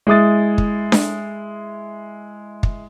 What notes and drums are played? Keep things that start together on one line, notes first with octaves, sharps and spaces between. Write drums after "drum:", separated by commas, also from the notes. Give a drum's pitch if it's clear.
G#3 E4 D#6 A6
drum: kick
drum: snare D4
drum: kick